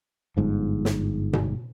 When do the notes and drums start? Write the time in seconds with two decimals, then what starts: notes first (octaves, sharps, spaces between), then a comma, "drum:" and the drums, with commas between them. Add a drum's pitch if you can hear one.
0.37 G1 G#2 F3
0.85 drum: snare
1.33 drum: tom B2